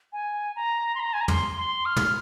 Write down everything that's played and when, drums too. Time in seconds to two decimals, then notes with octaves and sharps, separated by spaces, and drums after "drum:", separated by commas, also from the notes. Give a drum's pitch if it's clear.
0.13 G#5
0.56 A#5
0.95 C6
1.00 A#5
1.14 G#5
1.21 A#5
1.28 C6, drum: tom
1.57 C6
1.85 F6
1.96 drum: tom